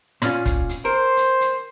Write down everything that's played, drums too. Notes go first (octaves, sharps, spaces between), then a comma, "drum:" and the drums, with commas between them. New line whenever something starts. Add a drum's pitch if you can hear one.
A#2 C#4 F4, drum: rim click
drum: kick, hi-hat
drum: hi-hat
A#4 C5
drum: hi-hat
drum: hi-hat